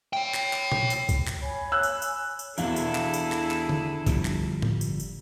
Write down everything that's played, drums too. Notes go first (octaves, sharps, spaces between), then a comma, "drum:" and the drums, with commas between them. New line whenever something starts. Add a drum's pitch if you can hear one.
C#5 G5
drum: clap
drum: clap
drum: tom A#2
drum: tambourine
drum: kick C2, tambourine
drum: clap
C#5 G#5 B5
E6 F#6
drum: tambourine
drum: tambourine
drum: tambourine
E2 B2 D4 E4 G#4 A4 E5 F5, drum: tambourine
drum: tambourine
drum: clap
drum: tambourine
drum: clap
drum: clap
drum: tom D3
G1 F3 G3, drum: kick C2, tambourine
drum: clap
drum: tom A2
drum: tambourine
drum: tambourine